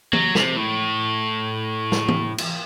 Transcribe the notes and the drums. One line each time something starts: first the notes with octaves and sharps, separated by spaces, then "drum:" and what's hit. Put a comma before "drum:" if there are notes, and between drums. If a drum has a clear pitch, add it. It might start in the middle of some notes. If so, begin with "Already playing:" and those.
F#3, drum: tom
C3, drum: snare
A2
drum: snare
drum: tom
drum: cymbal